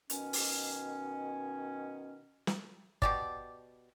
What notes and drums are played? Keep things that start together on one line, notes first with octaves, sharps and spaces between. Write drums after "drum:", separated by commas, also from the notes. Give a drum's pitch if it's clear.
B2 D#3 C#4, drum: hi-hat
drum: open hi-hat
drum: snare
B2 G4 D5, drum: kick